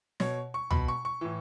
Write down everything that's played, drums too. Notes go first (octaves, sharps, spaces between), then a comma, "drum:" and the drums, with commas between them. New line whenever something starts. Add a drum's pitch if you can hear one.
B2 C#5, drum: snare
C#6
B2 B5, drum: tom
C#6
C#6
A2 E3